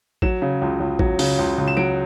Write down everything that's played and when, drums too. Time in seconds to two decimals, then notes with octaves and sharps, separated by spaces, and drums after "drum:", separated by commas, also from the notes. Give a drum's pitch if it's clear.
0.22 F#3 E7, drum: kick
0.42 C#3
0.61 C#2
0.80 C#2
0.99 F#3, drum: kick
1.19 C#3, drum: open hi-hat
1.39 C#2
1.58 C#2
1.68 E7
1.77 F#3 D7